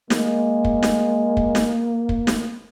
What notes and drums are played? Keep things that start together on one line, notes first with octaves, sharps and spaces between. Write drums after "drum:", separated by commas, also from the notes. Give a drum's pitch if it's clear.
G#3 A#3, drum: snare
drum: kick
drum: snare
drum: kick
drum: snare
drum: kick
drum: snare